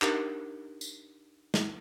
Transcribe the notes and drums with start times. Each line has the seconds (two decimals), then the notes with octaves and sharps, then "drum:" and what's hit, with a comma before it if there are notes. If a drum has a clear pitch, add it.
0.02 D4 D#4 G4 A#4, drum: clap
0.81 drum: tambourine
1.54 drum: snare